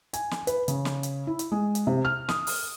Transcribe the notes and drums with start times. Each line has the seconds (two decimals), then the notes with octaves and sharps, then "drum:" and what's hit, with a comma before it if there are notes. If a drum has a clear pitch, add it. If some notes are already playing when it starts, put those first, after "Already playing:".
0.13 G#5, drum: hi-hat
0.31 drum: snare
0.47 B4, drum: hi-hat
0.68 C#3, drum: hi-hat
0.85 drum: snare
1.03 drum: hi-hat
1.27 E4
1.39 drum: hi-hat
1.52 G#3
1.75 drum: hi-hat
1.87 C3
2.05 F6
2.29 D#6, drum: snare
2.47 drum: open hi-hat